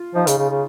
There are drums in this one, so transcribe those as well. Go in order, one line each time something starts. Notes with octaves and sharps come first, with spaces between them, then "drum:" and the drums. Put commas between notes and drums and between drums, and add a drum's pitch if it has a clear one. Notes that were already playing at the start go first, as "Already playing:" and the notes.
Already playing: F4
F3 D#4
C#3, drum: hi-hat
C#3
C#3